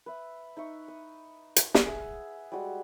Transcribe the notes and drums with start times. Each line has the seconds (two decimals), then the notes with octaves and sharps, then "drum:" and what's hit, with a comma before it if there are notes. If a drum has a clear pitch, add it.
0.06 B4 E5
0.57 D#4 E5 C#6
0.88 D#6
1.56 drum: hi-hat
1.75 drum: snare
1.86 G#4 E5 F#5
2.52 G3 G#3 F#4